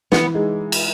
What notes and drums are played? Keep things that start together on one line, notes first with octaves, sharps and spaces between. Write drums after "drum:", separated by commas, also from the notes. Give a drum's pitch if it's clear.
E3 B3, drum: snare
G#3 D#4
drum: cymbal